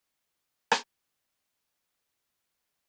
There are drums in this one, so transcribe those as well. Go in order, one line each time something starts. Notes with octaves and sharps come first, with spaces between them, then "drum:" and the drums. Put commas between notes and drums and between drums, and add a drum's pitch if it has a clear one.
F3 C#5 E5
drum: rim click
G#3
C5 G5
E4 F4 D#5 E5